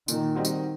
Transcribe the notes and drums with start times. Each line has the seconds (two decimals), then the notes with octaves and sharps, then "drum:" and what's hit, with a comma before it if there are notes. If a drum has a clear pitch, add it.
0.08 A#2 D#3, drum: tambourine
0.35 G3 C4 D#4 F#4
0.45 drum: tambourine